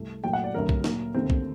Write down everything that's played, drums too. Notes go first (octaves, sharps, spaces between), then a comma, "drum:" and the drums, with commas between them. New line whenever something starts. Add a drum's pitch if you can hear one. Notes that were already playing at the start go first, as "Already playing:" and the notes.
Already playing: C2 A3
A#2 F#3 A3 G5
F#5
D5
D2 C3 F#3 A#4
drum: kick B1
A#2 F#3 A#3, drum: snare D#4
D#2 D3 A3 C4
drum: kick B1